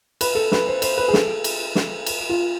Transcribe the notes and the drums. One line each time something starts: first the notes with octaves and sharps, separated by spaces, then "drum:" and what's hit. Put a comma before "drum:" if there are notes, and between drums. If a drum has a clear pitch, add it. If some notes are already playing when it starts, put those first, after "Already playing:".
B4, drum: cymbal
A4
B4, drum: snare
C5
C5, drum: cymbal
B4
G#4
A4, drum: snare
drum: cymbal
drum: snare
drum: cymbal
F4